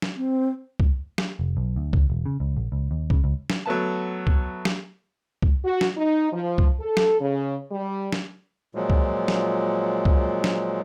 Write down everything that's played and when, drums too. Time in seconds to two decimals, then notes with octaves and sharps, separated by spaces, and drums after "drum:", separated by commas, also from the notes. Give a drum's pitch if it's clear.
0.02 drum: snare
0.17 C4
0.80 drum: kick C2
1.18 drum: snare
1.39 F1
1.57 B1
1.76 D2
1.93 C#2, drum: kick C2
2.10 E1
2.26 C#3
2.40 C#2
2.57 A#1
2.72 C#2
2.91 D#2
3.10 C#3, drum: kick C2
3.24 C#2
3.50 drum: snare
3.66 F#3 A3 B3 A5
4.27 drum: kick C2
4.65 drum: snare
5.42 drum: kick C2
5.65 F#4
5.81 drum: snare
5.97 D#4
6.33 F3
6.58 drum: kick C2
6.80 A4
6.97 drum: snare
7.20 C#3
7.71 G3
8.13 drum: snare
8.75 A#2 F3 F#3 G#3
8.90 drum: kick C2
9.28 drum: snare
10.05 drum: kick C2
10.44 drum: snare